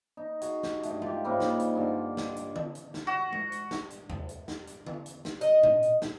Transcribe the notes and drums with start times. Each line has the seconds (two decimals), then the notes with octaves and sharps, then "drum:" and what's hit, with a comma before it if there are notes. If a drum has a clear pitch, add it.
0.17 D#4
0.42 F#4 G#4, drum: hi-hat
0.63 drum: snare
0.83 G2 A3, drum: hi-hat
1.02 F4 G4, drum: tom G#3
1.24 G#2 C#3 G3 A#3
1.40 drum: snare
1.60 drum: hi-hat
1.75 G2 D3 C6
2.17 drum: snare
2.36 drum: hi-hat
2.56 drum: tom D3
2.75 drum: hi-hat
2.94 drum: snare
3.07 F#4
3.33 drum: tom G#3
3.52 drum: hi-hat
3.71 drum: snare
3.90 drum: hi-hat
4.10 drum: tom E2
4.29 drum: hi-hat
4.48 drum: snare
4.67 drum: hi-hat
4.86 drum: tom D3
5.06 drum: hi-hat
5.25 drum: snare
5.41 D#5, drum: hi-hat
5.63 drum: tom A#2
5.83 drum: hi-hat
6.02 drum: snare